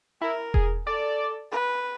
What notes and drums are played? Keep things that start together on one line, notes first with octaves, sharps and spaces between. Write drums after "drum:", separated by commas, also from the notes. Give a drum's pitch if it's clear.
E4 A#4
G#4, drum: kick E1
A4 D5
B4